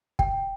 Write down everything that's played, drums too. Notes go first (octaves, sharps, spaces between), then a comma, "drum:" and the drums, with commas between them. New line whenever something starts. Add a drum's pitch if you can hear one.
G5, drum: kick